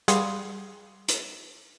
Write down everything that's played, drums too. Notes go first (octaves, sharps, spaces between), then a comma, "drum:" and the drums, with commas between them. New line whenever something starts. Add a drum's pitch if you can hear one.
G3 G#4 F5 F#5 C6 D#6, drum: hi-hat
drum: hi-hat